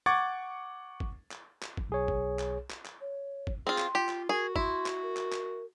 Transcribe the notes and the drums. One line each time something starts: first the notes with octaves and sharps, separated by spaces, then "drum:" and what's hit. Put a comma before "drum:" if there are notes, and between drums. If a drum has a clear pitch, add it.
F#5 C#6 D6 G#6 A6
drum: kick
drum: clap
drum: clap
drum: kick
B1 G#4 C#5
drum: kick
drum: clap
drum: clap
drum: clap
C#5
drum: kick
C4 F4 G#4 C6
drum: clap
F4 G4
drum: clap
F#4 G#4 A#4
E4 C6, drum: kick
drum: clap
A#4
drum: clap
drum: clap